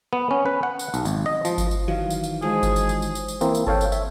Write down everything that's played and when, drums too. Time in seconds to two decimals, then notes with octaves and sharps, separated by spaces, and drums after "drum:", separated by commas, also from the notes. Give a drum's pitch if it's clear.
0.13 B3
0.31 C#4
0.46 B4
0.63 F#5
0.79 drum: tambourine
0.94 B1, drum: tambourine
1.05 G#1, drum: tambourine
1.26 D#5
1.45 F3, drum: tambourine
1.58 drum: kick G1, tambourine
1.71 drum: tambourine
1.88 D#3 E3 F#3 F5
2.10 drum: tambourine
2.24 drum: tambourine
2.42 F3 G#3 G#4
2.63 drum: kick G1, tambourine
2.76 drum: tambourine
2.89 drum: tambourine
3.02 drum: tambourine
3.15 drum: tambourine
3.28 drum: tambourine
3.41 E3 A#3 C4, drum: tambourine
3.55 drum: tambourine
3.67 A4 C#5 F5 G5, drum: kick G1
3.81 drum: tambourine
3.92 E5, drum: tambourine